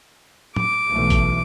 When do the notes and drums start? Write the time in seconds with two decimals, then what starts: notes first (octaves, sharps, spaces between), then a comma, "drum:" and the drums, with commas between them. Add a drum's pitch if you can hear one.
0.56 D6, drum: tom
0.92 B1 E3 A3
1.10 drum: kick G#1, hi-hat